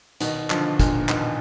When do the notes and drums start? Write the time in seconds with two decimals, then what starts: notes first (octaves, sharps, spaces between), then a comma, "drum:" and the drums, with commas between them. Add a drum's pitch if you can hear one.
0.20 B2 D#3, drum: hi-hat
0.50 D3 F3, drum: clap
0.79 A#2 D3, drum: kick, hi-hat
1.09 B2 D#3, drum: clap